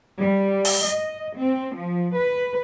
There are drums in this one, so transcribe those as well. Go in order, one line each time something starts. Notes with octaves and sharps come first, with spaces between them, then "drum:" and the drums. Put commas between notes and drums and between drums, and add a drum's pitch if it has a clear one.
G3
drum: open hi-hat
D#5
C4
F3
B4